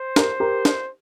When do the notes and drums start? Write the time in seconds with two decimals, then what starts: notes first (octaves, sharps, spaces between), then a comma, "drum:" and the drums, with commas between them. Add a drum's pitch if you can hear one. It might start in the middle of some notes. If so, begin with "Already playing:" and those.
Already playing: C5
0.16 G4 A#4, drum: snare
0.40 G4 A#4
0.65 drum: snare